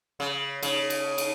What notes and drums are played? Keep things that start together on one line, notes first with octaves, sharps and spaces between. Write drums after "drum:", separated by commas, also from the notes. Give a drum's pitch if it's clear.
C#3
C#3, drum: cymbal
drum: cymbal
drum: cymbal